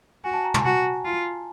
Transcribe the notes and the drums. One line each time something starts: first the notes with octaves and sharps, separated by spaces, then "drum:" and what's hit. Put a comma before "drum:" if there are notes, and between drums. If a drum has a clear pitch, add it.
F#4 G#5
A5
A#5
A5, drum: tom
G#5
F#4 A5
F4